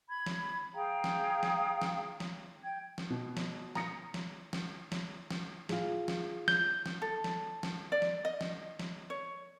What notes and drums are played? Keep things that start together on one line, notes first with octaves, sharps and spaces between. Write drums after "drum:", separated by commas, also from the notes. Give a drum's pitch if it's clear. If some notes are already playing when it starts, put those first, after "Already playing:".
B5 G#6
drum: snare
G#4 F5 G5 A#5
drum: snare
drum: snare
drum: snare
drum: snare
G5 G#6
drum: snare
B2
drum: snare
A#5 D#6 A#6 C#7, drum: snare
drum: snare
drum: snare
drum: snare
drum: snare
F4 G#4, drum: snare
drum: snare
G6, drum: snare
drum: snare
A4
drum: snare
drum: snare
D5
drum: snare
D#5
drum: snare
drum: snare
C#5